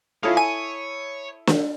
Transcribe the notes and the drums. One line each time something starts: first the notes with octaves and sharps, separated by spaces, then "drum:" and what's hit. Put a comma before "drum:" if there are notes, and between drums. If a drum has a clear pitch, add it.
G#3 E4 F4 A4 C#5 F5 D#6
C#5 G#5 D#7
drum: snare